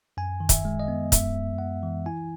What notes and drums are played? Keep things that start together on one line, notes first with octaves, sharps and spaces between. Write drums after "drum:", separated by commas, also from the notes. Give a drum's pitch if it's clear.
F#2 G#5
D#3
E5, drum: kick, hi-hat
G#3
D#5
B3
F#2 E5, drum: kick, hi-hat
F#2
F#2 F#5
E3
E4 G#5